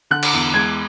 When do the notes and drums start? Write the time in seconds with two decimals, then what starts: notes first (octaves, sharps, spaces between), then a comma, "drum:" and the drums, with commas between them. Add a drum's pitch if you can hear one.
0.11 D3 F#6
0.23 drum: cymbal
0.33 E2
0.54 G#3 G#6